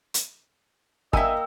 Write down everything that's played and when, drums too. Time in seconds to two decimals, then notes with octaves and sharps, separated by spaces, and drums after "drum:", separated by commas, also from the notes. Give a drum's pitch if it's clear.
0.14 drum: hi-hat
1.13 A#3 D#5 E5 G5 G#5 E6, drum: kick